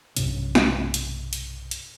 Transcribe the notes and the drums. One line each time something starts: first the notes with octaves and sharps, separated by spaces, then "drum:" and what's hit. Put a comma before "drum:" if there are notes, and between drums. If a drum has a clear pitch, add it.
B1 G2 C3 C#4, drum: hi-hat
drum: snare
drum: hi-hat
drum: hi-hat
drum: hi-hat